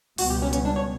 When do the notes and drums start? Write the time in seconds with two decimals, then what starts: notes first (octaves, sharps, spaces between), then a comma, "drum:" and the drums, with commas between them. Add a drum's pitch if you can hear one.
0.18 C#2 B2 G3 B3 F#4, drum: open hi-hat
0.30 G4
0.42 C#4
0.53 C#4, drum: hi-hat
0.65 D4
0.76 C#5